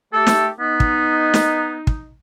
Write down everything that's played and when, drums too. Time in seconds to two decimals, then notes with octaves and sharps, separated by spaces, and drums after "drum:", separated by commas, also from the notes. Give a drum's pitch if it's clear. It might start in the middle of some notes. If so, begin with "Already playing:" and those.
0.13 A3 G4 A4
0.27 drum: snare
0.60 B3 D#4
0.80 drum: kick
1.34 drum: snare
1.87 drum: kick